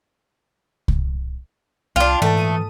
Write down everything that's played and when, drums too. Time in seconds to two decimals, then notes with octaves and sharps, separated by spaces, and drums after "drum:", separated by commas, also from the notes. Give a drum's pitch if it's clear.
0.88 drum: kick C2
1.96 C2 D4 F4 G5 F6
2.22 G#2 E3 A3 A4 A5
2.36 A#2 D#6 D#7